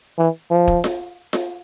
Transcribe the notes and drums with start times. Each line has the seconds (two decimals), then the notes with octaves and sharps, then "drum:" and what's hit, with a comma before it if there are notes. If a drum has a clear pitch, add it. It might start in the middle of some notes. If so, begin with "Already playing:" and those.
0.19 E3
0.51 F3
0.68 drum: kick
0.84 drum: snare F4
1.33 drum: snare F4